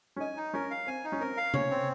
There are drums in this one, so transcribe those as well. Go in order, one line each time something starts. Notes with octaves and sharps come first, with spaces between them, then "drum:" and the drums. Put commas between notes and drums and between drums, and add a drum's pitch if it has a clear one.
C#4
D#4 G#5
D#4
C#4 A#4
F5
C4 G#5
D#4
C#4
C4 A#4
F5
C#4 C#5, drum: tom C3
C4